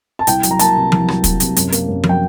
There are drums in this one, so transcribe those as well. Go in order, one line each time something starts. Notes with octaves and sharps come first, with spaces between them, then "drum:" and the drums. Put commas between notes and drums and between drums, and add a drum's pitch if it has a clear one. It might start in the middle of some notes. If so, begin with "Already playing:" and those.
A5
C2 G5, drum: hi-hat
F#3, drum: hi-hat
A#5
A#3 A5, drum: hi-hat
C3
C2, drum: tom F3
F#3, drum: rim click
A#3, drum: kick, hi-hat
C3, drum: hi-hat
F#2, drum: hi-hat
A#3, drum: hi-hat
F#2
F#3, drum: tom F3
G5